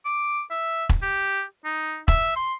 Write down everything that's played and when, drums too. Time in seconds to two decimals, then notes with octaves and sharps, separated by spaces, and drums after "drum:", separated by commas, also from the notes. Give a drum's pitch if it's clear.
0.06 D6
0.51 E5
0.89 drum: kick E1
1.03 G4
1.65 D#4
2.08 E5, drum: kick E1
2.36 C6